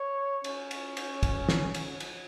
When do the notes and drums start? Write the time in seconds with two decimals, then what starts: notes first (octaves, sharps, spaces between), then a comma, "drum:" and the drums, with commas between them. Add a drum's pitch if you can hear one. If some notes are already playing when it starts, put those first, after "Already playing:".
Already playing: C#5
0.44 C#4, drum: cymbal
0.71 drum: cymbal
0.97 drum: cymbal
1.23 drum: kick, cymbal
1.49 drum: snare
1.74 drum: cymbal
2.00 drum: cymbal